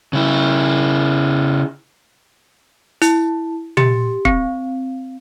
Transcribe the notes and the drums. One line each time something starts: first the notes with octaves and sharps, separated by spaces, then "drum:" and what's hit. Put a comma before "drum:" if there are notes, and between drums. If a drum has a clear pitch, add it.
C#3 E4
E4, drum: hi-hat
G4, drum: tom
C4, drum: kick